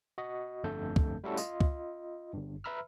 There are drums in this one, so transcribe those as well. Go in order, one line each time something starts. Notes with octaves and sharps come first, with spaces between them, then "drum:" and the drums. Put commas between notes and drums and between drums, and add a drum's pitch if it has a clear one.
F#4 D#5
G1 F2 D3 A3 A4 G6
drum: kick
G3 A3 C#4 E4 F#4 A4
F4 D#5, drum: tambourine
drum: kick
G1 G2
B4 E5 A#5 B5 E6 F6